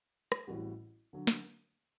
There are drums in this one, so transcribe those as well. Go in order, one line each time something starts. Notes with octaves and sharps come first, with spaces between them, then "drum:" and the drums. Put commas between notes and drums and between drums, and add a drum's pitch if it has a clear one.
drum: rim click
A1 A2 G3 C4 F#4
D3 F#3
drum: snare